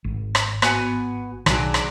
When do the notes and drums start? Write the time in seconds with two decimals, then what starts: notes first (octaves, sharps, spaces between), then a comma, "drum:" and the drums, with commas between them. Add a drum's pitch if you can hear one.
0.04 G#1
0.35 drum: rim click
0.62 B3 F#4 G#5, drum: rim click
1.46 B1 D#3 F#3 D4 G#4, drum: rim click
1.74 drum: rim click